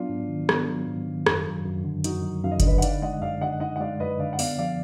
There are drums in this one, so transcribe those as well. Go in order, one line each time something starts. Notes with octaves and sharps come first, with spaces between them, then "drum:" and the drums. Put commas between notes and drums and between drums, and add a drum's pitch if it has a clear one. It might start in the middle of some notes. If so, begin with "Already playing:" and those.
Already playing: F#3 B3 D4 F4
G#2
D#3
B3, drum: rim click
F#3
G#2
D#3
F#2, drum: rim click
F#3
F#2
D3
F#2 D#4 F#4, drum: hi-hat
F#3
F#2 F5
D#5
D5, drum: kick F#1, hi-hat
D3 B4 D#5
F#5
D#4 D5 F5, drum: hi-hat
G#3 D#5 F#5
F#2 D5 F5
D3 D#5 F#5
D#4 D#5 F#5
F#5
G#3 D5 F5
F#2 B4 D#5
D3 D5 F5
F#5
B3 D5 F5, drum: open hi-hat
F3 D5 F5